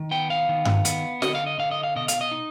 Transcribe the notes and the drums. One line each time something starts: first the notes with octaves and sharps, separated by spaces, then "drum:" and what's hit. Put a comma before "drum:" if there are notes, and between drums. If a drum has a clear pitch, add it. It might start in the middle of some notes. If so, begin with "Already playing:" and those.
Already playing: D#3
B3 G5
F5
D#3
drum: tom G2
B3, drum: hi-hat
D3 D#5, drum: snare
F5
D#5
D3 F5
D#5
F5
B2 D#5
F5, drum: hi-hat
D#5
D#4